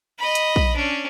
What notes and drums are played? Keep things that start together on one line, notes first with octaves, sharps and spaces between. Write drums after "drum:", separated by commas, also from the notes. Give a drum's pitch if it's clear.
D#5 B5
drum: hi-hat
drum: kick
C#4 D4